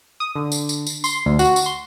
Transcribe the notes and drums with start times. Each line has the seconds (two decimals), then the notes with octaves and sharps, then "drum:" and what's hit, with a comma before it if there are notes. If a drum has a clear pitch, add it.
0.20 D#6
0.35 D3
0.52 drum: tambourine
0.69 drum: tambourine
0.86 drum: tambourine
1.04 C6, drum: tambourine
1.26 D2
1.39 F#4, drum: tambourine
1.56 drum: tambourine
1.66 C6